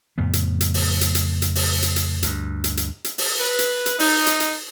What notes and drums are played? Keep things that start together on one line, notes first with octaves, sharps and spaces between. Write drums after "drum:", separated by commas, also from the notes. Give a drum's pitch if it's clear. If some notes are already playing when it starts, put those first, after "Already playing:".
F2 A2 C#3 B3
drum: hi-hat
drum: hi-hat
drum: open hi-hat
drum: hi-hat
drum: hi-hat
drum: hi-hat
drum: open hi-hat
drum: hi-hat
drum: hi-hat
D2 G2, drum: hi-hat
drum: hi-hat
drum: hi-hat
drum: hi-hat
drum: open hi-hat
B4
drum: hi-hat
drum: hi-hat
D#4, drum: open hi-hat
drum: hi-hat
drum: hi-hat